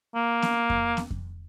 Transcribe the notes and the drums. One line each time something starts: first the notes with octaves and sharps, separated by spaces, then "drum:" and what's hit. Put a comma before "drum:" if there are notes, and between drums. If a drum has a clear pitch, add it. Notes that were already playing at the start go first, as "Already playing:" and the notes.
A#3
drum: snare B3
drum: kick F2
drum: snare B3
drum: kick F2